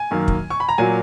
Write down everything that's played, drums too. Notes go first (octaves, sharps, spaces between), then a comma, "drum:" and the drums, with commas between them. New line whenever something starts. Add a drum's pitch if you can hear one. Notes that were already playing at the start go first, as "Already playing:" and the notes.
Already playing: G#5
F#2 D#3 A#3
drum: kick
C#6
B5
A#5
A#2 F#3 A#3 G#5